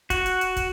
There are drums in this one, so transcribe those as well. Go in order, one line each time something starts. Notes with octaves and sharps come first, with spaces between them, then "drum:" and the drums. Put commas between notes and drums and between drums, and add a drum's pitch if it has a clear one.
F#4, drum: kick, hi-hat
drum: hi-hat
drum: hi-hat
drum: kick, hi-hat